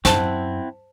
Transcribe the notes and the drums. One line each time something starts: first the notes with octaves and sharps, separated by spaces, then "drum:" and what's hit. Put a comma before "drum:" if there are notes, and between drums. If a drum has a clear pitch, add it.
F#2 C4 E4 C5 F#5 A5, drum: snare